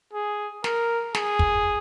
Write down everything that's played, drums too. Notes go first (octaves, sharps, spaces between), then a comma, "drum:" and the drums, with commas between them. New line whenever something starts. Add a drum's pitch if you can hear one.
G#4
A#4, drum: snare
G#4, drum: snare
drum: kick